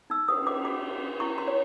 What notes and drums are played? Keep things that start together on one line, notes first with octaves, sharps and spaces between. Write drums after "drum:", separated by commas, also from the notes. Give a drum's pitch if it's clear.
D#4 E6
D#6, drum: cymbal
B4
D6, drum: cymbal
F#4 D6
F#4
E4 C#6
C6
C#5